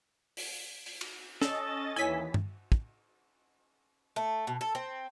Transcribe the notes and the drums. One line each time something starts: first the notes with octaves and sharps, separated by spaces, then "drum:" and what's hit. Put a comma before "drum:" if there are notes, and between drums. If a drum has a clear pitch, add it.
drum: open hi-hat
drum: open hi-hat
drum: cymbal
C#4 A4 D#5 A6, drum: snare
D#2 E3 E4 C#5 G#5 B6
drum: tom G2
drum: kick
A3
B2
A4
C4